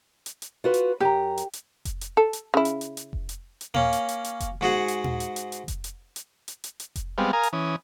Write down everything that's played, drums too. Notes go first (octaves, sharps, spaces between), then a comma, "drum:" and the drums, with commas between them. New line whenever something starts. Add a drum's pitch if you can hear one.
drum: hi-hat
drum: hi-hat
F4 F#4 B4
drum: hi-hat
F#2 G4 G#5 A#5
drum: hi-hat
drum: hi-hat
drum: kick F1, hi-hat
drum: hi-hat
A4
drum: hi-hat
C#3 E4
drum: hi-hat
drum: hi-hat
drum: hi-hat
drum: kick F1
drum: hi-hat
drum: hi-hat
A#3 C#4, drum: tom
drum: hi-hat
drum: hi-hat
drum: hi-hat
drum: kick F1, hi-hat
G#2 F#4 G#4 F#5
drum: hi-hat
drum: tom
drum: hi-hat
drum: hi-hat
drum: hi-hat
drum: kick F1, hi-hat
drum: hi-hat
drum: hi-hat
drum: hi-hat
drum: hi-hat
drum: hi-hat
drum: kick F1, hi-hat
G3 G#3 B3 C4 F5
A#4 F5 G#5 A#5 D#6
drum: hi-hat
E3 C#4 D#6